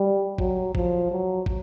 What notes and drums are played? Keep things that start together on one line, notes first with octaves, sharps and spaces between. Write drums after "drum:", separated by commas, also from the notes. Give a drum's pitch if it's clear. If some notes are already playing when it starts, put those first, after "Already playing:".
Already playing: G3
F#3, drum: kick
F3, drum: kick
F#3
drum: kick